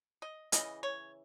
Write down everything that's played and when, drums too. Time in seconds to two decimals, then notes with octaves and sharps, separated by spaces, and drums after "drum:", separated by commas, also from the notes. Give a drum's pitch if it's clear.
0.22 D#5
0.52 C#3 E3 A#3 D#5, drum: hi-hat
0.83 C#5